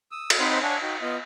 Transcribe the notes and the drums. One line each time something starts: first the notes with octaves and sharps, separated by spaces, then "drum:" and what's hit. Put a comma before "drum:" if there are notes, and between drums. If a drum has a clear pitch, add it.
D#6 E6
drum: cymbal
C4 D#4 C5 F#5 B5 C6
D4 C#5 F#5 G#5
D#4 F#4 G5
B3 F4 D#5